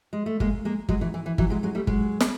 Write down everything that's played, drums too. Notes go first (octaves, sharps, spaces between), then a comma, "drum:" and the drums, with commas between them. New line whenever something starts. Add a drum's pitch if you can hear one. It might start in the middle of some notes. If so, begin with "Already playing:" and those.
G#3
A3
G#3 A#3, drum: kick G1
G#3 A#3
F#3 G#3, drum: kick G1
E3 F#3
E3
E3
E3 F#3, drum: kick G1
F#3 G#3
F#3 G#3
G3 A3
F#3 G#3, drum: kick G1
drum: snare